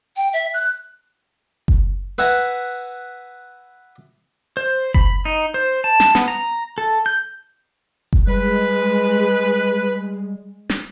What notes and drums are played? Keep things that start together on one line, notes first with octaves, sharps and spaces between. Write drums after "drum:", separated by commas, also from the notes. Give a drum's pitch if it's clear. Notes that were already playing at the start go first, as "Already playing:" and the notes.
G5
E5
F#6
drum: kick F#1
B4 E5 F#5 G#5 A#5
C5
B5, drum: kick F#1
D#4
C5
A5
drum: snare
B3, drum: snare
A#5
A4
G6
drum: kick F#1
G3 G#3 B4
drum: snare